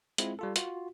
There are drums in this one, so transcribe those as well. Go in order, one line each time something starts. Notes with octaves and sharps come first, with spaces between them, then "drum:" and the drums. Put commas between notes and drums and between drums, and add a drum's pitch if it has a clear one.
G#3 C4 E4 F4, drum: hi-hat
G3 F4 A4
F4 F#4, drum: hi-hat